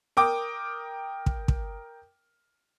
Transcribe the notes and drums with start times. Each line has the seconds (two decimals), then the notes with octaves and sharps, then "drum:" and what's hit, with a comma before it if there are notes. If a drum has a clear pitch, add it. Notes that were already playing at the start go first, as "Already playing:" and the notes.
0.17 A#4 G5 D6 D#6
1.26 drum: kick
1.48 drum: kick